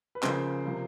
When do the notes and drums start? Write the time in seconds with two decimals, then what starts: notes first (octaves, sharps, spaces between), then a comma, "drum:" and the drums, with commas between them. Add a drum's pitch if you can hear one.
0.15 B4
0.23 C#3 F3 A#3 C5, drum: clap
0.65 C3 F3 A#3